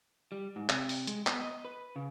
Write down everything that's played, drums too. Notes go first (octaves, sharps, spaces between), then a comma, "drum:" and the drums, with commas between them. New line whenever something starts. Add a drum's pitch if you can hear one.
G3
G#2
C3, drum: clap
drum: open hi-hat
G#3, drum: hi-hat
B3, drum: clap
D#5
B4
C#3